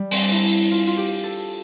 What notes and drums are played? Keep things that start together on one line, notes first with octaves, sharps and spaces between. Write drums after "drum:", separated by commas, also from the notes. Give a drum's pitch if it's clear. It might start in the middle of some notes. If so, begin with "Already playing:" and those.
Already playing: G3
C4, drum: open hi-hat
D4
E4
F4
F4
G4
A4